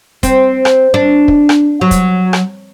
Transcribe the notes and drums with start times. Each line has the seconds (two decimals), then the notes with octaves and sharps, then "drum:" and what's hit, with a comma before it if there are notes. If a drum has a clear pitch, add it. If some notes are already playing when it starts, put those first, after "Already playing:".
0.23 C4, drum: kick, hi-hat
0.65 drum: rim click
0.94 D4
1.28 drum: kick
1.49 drum: rim click
1.81 F#3
1.91 drum: kick, hi-hat
2.33 drum: rim click